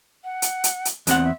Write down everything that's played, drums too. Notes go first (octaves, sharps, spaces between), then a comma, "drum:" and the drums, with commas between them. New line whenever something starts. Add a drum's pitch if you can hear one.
F#5
drum: hi-hat
drum: hi-hat
drum: hi-hat
E2 C4 F#5 F#6, drum: hi-hat
E5